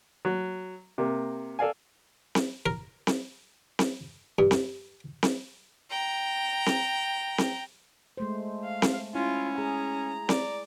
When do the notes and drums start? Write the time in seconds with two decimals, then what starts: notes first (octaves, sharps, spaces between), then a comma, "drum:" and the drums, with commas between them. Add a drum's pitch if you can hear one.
0.25 F#3
0.98 C3 A#3
1.59 A4 D5 F5 G#5
2.35 drum: snare C4
2.66 A#4
3.07 drum: snare C4
3.79 drum: snare C4
4.39 G2
4.51 drum: snare C4
5.23 drum: snare C4
5.90 G5 A#5
6.66 drum: snare C4
7.38 drum: snare C4
8.17 G#3 A3 C5
8.64 F5
8.82 drum: snare C4
9.15 C#4 E4 F4
9.58 G#4 A#5
10.29 D5, drum: snare C4